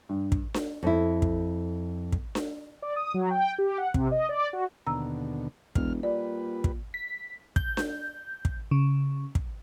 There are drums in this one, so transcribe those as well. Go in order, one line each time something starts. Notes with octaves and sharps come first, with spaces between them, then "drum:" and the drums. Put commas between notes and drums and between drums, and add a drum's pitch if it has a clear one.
G2
drum: kick
drum: snare D4
F2 E4
drum: kick
drum: kick
drum: snare D4
D5
D#6
F#3
G5
G4
F#5
C3, drum: kick
D#5
D5
F#4
D#2 B2 D3 A#5 E6
E1 E2 F6, drum: kick
A#2 G3 B4 D5
drum: kick
B6
G6, drum: kick
drum: snare D4
drum: kick
C#3
drum: kick